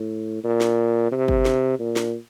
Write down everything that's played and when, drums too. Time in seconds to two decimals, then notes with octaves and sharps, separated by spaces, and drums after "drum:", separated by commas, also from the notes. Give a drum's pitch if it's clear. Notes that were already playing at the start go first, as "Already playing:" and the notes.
Already playing: A2
0.44 A#2
0.61 drum: snare
1.11 C3
1.28 drum: kick G1
1.45 drum: snare
1.79 A#2
1.96 drum: snare